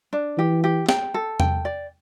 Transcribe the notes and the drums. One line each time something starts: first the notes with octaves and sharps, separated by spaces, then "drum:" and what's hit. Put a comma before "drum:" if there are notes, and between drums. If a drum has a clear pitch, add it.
D4
E3 G4
G4
G5, drum: snare
A4
G5, drum: tom E2
D5